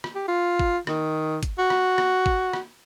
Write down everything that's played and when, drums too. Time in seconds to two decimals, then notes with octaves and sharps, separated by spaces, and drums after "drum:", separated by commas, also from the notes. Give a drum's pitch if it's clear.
0.04 drum: rim click
0.15 G4
0.28 F4
0.59 drum: kick
0.87 D#3, drum: rim click
1.43 drum: kick, hi-hat
1.58 F#4
1.70 drum: rim click
1.98 drum: rim click
2.26 drum: kick
2.53 drum: rim click